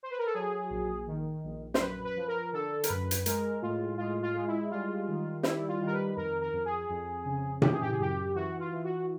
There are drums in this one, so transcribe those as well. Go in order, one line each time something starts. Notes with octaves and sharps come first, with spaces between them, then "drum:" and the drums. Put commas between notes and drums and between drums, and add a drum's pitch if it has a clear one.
C5
B4
A#4
A4
F#3 G#4
A#1
D#3
A#1
C5, drum: snare
F#2 B4
B4
F3
A#4
D3 A4
A#4, drum: hi-hat
F#2 B4
drum: hi-hat
G#3 A#4, drum: hi-hat
A2 F4
G#3 F4
F4
G#3
E4
G3 F4
D#3
G3 E4, drum: snare
F4
D#3
A#4
B4
F2 A#4
A#4
F2
G#4
F2
C#3
E3 G4, drum: tom A#2
G#4
G4
G#4
F#2 G4
E3 F#4
F4
E3
F#4